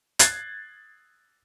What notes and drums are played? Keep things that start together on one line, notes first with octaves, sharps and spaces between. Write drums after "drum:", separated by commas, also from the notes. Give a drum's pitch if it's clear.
F#6 G#6 A6 C7, drum: hi-hat